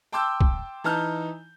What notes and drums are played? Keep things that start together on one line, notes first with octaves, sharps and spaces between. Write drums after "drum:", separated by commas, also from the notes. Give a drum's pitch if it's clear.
G5 A5 C6 D6 E6 G6
drum: kick
E3 D#4 A5 A#5 F6 G6